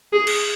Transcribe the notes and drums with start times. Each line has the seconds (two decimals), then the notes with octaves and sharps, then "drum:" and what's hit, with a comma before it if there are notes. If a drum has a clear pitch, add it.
0.13 G#4
0.27 drum: cymbal